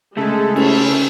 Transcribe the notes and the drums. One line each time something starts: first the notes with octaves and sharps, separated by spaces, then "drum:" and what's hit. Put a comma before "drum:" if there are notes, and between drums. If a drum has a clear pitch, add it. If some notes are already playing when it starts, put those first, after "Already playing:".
C#3 G#3 A3 G#4 A4
C#4 E4, drum: cymbal